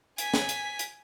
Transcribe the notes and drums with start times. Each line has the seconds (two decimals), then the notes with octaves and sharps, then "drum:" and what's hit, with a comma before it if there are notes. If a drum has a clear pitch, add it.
0.18 G#5 B6, drum: hi-hat
0.34 drum: snare
0.49 drum: hi-hat
0.79 drum: hi-hat